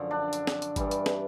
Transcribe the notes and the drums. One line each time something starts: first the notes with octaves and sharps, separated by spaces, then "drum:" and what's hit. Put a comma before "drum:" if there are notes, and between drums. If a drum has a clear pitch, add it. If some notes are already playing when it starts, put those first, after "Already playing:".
Already playing: F#2 D3 F3
D4
drum: hi-hat
drum: snare
drum: hi-hat
G2 E3 G3, drum: kick G1, hi-hat
drum: hi-hat
drum: snare